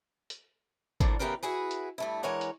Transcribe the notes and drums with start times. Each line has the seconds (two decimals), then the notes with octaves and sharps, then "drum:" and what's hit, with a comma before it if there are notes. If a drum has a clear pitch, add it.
0.30 drum: hi-hat
1.00 A2 D3 F3 A#3, drum: kick G#1, hi-hat
1.19 E2 C#3 G4 A#4 B4 G5
1.43 E4 F#4 G#4 B4
1.71 drum: hi-hat
1.98 G2 A3 E4
2.23 E3 G#3 A#4 C#5 F#5
2.41 drum: hi-hat